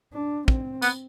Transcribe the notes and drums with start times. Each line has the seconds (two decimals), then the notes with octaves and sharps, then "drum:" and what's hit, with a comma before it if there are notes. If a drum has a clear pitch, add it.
0.13 D4
0.48 C4, drum: kick
0.82 B3, drum: tambourine